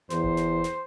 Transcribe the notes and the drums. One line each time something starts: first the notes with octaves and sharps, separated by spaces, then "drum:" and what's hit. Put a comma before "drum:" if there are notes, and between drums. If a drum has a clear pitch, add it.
E2 C5, drum: snare
drum: kick E1
drum: snare
drum: snare